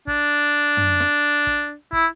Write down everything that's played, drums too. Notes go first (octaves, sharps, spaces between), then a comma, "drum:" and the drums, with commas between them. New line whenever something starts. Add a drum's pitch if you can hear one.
D4, drum: kick
drum: tom
drum: snare
drum: kick
E4, drum: kick